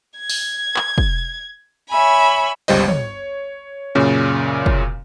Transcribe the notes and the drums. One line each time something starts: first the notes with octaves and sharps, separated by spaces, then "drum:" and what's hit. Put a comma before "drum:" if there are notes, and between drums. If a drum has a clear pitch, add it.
G#6
drum: open hi-hat
drum: clap
drum: kick
C#5 E5 G#5 B5
G1 C#2 G3 C5 D#5, drum: open hi-hat
C#5, drum: tom
F#2 A#2 C#3 C#4
drum: kick